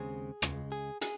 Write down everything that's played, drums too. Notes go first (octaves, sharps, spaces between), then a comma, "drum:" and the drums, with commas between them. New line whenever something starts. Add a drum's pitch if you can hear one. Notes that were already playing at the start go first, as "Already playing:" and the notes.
Already playing: D#2 C#3 G#3 C4 G#4
C#2 C#3 G#3, drum: rim click
G#4
G#4, drum: hi-hat